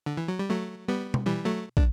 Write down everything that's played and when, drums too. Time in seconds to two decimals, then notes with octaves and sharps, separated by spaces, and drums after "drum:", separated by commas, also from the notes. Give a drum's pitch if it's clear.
0.06 D3
0.17 E3
0.28 F#3
0.39 G3
0.50 F#3 A3
0.88 G3 B3
1.14 drum: tom B2
1.26 E3 G3
1.45 F#3 A3
1.77 D4, drum: kick